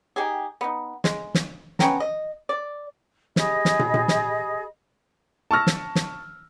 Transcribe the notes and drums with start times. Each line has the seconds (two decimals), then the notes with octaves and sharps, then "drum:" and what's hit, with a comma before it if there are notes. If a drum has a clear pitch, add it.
0.16 D#3 G4 G#4
0.61 B3 D#4
1.04 G#3, drum: snare
1.35 drum: snare
1.79 B3 C#4 G5 A#5, drum: snare
2.00 D#5
2.49 D5
3.36 G4 G#4 D#5 B5, drum: snare
3.65 drum: snare
3.79 drum: tom
3.94 drum: tom
4.08 drum: snare
5.51 A5 C#6 E6 F6 A#6
5.67 drum: snare
5.95 drum: snare